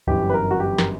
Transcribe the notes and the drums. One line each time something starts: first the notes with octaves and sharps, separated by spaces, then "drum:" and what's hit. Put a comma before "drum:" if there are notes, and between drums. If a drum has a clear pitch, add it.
G1 F#2 E3 G4, drum: kick
B4
A#4
F#4
G4
A#4, drum: snare